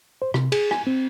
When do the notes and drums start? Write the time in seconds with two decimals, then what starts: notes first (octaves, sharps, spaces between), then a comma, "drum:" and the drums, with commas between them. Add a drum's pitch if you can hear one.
0.22 C5
0.34 C3, drum: rim click
0.52 G#4, drum: cymbal
0.71 G#5, drum: rim click
0.87 C4